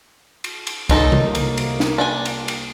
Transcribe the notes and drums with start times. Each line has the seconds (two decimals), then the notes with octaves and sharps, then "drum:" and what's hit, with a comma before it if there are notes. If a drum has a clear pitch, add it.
0.44 drum: cymbal
0.67 drum: cymbal
0.89 C2 F#3 A#3 D#4 A4, drum: kick C2, cymbal
1.12 drum: tom C3
1.35 drum: cymbal
1.57 drum: cymbal
1.80 drum: snare
1.98 D4 G5 G#5
2.25 drum: cymbal
2.48 drum: cymbal